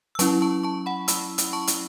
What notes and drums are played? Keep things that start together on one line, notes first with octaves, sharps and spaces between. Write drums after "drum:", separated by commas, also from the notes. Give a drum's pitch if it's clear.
E6
F#3 C#4 E4 A5 C#6, drum: hi-hat
A5 C#6
A5 C#6
F#5 B5
B5 E6, drum: hi-hat
drum: hi-hat
A5 C#6
drum: hi-hat